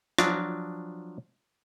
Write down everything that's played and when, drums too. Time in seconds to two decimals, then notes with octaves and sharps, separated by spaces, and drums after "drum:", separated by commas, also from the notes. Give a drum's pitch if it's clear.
0.18 F3 F#3 D4, drum: rim click